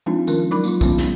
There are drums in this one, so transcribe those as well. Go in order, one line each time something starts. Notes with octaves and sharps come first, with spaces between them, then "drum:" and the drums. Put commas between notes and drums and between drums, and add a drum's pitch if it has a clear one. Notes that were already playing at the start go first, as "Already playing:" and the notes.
F3 G#3 C4 D4 D#4 F4
D#3 G#3 C#4 F4 A#4, drum: tambourine
F#3 D#4 A#4 B5 D6
A#3 F4, drum: tambourine
D#3 G#3 B3 C#4 F4, drum: kick, tambourine
drum: snare